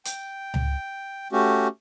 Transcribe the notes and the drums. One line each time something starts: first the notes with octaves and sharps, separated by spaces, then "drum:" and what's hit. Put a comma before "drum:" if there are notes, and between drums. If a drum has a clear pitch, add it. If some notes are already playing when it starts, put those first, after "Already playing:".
G5, drum: hi-hat
drum: tom C#2
A3 C#4 F#4 G4